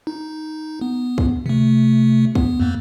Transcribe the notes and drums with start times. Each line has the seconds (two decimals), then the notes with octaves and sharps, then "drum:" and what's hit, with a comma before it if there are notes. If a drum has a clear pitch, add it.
0.07 D#4
0.81 B3
1.18 drum: kick
1.46 C3 A3, drum: tom D3
2.35 B3, drum: kick
2.60 F2 G#2 A#3